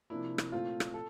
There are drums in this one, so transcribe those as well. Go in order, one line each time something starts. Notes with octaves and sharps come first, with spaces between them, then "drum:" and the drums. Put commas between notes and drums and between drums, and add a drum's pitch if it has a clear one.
C3 F3 A#3 D4 E4
drum: rim click
A#2 A3 C4 F4
drum: rim click
A4